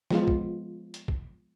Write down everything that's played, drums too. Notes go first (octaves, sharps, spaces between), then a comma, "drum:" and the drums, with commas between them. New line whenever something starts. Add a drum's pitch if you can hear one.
F3 G#3 B3 F4, drum: snare
drum: kick
drum: hi-hat
drum: kick